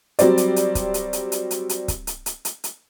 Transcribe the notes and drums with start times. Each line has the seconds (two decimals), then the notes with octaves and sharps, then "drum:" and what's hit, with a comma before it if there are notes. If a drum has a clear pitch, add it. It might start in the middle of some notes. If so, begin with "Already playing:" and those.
0.19 F#3 G3 C4 D5, drum: hi-hat
0.38 drum: hi-hat
0.56 drum: hi-hat
0.75 drum: kick, hi-hat
0.94 drum: hi-hat
1.13 drum: hi-hat
1.32 drum: hi-hat
1.51 drum: hi-hat
1.69 drum: hi-hat
1.88 drum: kick, hi-hat
2.07 drum: hi-hat
2.26 drum: hi-hat
2.45 drum: hi-hat
2.64 drum: hi-hat